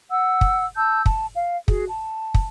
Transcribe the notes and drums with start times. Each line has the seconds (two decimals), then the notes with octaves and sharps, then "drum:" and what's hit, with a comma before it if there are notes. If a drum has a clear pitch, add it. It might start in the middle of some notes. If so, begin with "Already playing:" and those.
0.10 F#5 E6
0.41 drum: kick
0.76 A5 E6 G6
1.06 A5, drum: kick
1.36 F5
1.68 F#4 G#4, drum: kick
1.89 A5
2.34 drum: kick